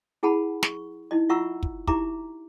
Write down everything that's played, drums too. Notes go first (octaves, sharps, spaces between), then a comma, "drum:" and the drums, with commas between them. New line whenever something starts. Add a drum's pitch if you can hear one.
E4 G#4 F#5 A5 B5
C#6, drum: snare
D#4 E4 D#5
F4 E5 F#5 A#5 C#6 E6
drum: kick
D#4 E4 G4 E5 A#5 D6, drum: kick